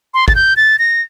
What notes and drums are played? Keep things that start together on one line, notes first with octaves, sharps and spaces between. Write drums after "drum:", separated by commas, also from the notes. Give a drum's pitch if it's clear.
C6
A6, drum: kick G#1
G6
A6
A#6